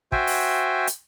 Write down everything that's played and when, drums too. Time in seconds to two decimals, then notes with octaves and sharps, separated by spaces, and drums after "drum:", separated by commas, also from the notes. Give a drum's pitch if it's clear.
0.12 F#4 C5 E5 G5 G#5, drum: kick
0.27 drum: open hi-hat
0.87 drum: hi-hat